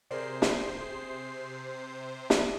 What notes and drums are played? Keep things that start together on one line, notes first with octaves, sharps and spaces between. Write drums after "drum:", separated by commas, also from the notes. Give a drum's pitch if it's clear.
C3 G#4 A#4 C5 D5 C7
drum: snare
G#4
drum: snare